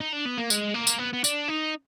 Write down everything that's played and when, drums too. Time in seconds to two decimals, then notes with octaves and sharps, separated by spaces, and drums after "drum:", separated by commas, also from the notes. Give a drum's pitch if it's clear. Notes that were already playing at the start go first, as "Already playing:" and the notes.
0.00 D#4
0.13 D4
0.25 B3
0.38 A#3
0.50 G#3, drum: tambourine
0.74 A#3
0.87 drum: tambourine
0.99 B3
1.13 B3
1.24 D4, drum: tambourine
1.48 D#4